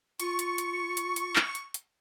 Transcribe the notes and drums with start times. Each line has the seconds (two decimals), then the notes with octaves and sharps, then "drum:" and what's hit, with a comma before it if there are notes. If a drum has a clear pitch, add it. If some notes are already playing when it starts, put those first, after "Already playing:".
0.20 F4 C#6, drum: hi-hat
0.39 drum: hi-hat
0.58 drum: hi-hat
0.97 drum: hi-hat
1.16 drum: hi-hat
1.36 drum: clap
1.55 drum: hi-hat
1.74 drum: hi-hat